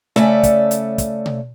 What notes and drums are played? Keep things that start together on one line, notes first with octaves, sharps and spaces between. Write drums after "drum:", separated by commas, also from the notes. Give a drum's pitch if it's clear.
C#3 A3 C#4 D5 E5, drum: snare
drum: kick, hi-hat
drum: hi-hat
drum: kick, hi-hat
drum: tom B2